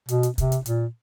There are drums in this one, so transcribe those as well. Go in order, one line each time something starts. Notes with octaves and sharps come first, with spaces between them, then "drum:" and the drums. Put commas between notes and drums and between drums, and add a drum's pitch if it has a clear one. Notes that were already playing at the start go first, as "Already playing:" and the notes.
B2, drum: hi-hat
drum: hi-hat
C3, drum: kick, hi-hat
drum: hi-hat
A#2, drum: hi-hat